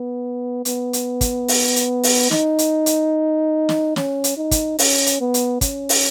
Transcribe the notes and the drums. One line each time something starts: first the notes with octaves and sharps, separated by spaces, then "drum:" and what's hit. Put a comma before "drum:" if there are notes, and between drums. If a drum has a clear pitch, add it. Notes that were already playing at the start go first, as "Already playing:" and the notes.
Already playing: B3
B3, drum: hi-hat
drum: hi-hat
drum: kick, hi-hat
drum: open hi-hat
drum: hi-hat
drum: open hi-hat
D#4, drum: snare
drum: hi-hat
drum: hi-hat
drum: snare
C#4, drum: snare
drum: hi-hat
D#4
drum: kick, hi-hat
C#4, drum: open hi-hat
drum: hi-hat
B3
drum: hi-hat
C#4, drum: kick, hi-hat
drum: open hi-hat